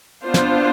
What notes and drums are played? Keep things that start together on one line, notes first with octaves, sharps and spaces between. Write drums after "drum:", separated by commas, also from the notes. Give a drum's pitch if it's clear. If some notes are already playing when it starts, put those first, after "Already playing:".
B3 D4 F4 C5
drum: snare